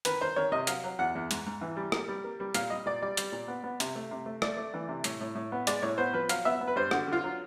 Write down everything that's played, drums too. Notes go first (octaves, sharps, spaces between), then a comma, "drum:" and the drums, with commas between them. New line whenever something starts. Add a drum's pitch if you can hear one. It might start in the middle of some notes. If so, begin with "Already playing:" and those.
D#3 B4, drum: hi-hat
D#3 C5
D#3 C#5
C3 D#5
F#3 F5, drum: hi-hat
F#3
E2 F#5
E2
G#2, drum: hi-hat
G#2
E3
G3
A#3, drum: rim click
G3
A#3
G3
A#2 F5, drum: hi-hat
G3 D#5
A#2 D5
G3 D5
G3, drum: hi-hat
A#2
B3
B3
C3, drum: hi-hat
A3
C3
A3
A3 D5, drum: rim click
A3
E3
C3
A2, drum: hi-hat
A2
A2
B3
G#3 D5, drum: hi-hat
A2 C#5
B3 C5
F3 B4
F#3 F5, drum: hi-hat
B3 E5
B3
B4
G2 C5
D3 F#4, drum: rim click
D3
F4
F#3